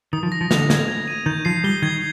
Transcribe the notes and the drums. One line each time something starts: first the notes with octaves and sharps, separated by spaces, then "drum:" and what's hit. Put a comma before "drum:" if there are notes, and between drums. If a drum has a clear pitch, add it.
D#3 D#6
F3
A#6
F3
D3 F7, drum: snare
G#6, drum: snare
G#6
D#7
D#3 G6
F3 C7
G3 G7
D#3 G#6